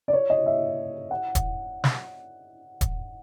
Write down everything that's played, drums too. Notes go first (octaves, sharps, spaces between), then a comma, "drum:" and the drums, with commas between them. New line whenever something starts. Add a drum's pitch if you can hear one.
D5
C#5
D#5
E5
F#5
drum: kick D#1, hi-hat
drum: snare
drum: kick D#1, hi-hat